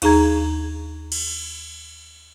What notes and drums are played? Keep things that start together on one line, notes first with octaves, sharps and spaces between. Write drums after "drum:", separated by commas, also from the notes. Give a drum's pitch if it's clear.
D#2 D#4 G#4 A#5 G#6, drum: cymbal
drum: cymbal